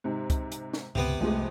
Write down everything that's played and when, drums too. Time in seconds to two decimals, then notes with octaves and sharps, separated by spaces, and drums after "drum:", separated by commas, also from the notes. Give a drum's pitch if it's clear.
0.04 G#2 C3
0.30 drum: kick, hi-hat
0.52 drum: hi-hat
0.73 drum: snare
0.95 C#2 C3 B3, drum: tom G2
1.21 C2 F2 F3 G#3 A3